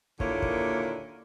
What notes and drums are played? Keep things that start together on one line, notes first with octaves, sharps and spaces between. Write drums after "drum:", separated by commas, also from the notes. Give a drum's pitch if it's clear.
D#2 A#2 D3 A#3 E4 C#5, drum: kick
drum: kick